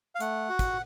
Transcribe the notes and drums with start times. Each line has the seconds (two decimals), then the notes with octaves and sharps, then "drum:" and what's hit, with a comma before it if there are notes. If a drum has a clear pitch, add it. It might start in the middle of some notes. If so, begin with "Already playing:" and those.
0.15 F5
0.20 A3 F#5, drum: hi-hat
0.49 F#4
0.59 drum: kick, hi-hat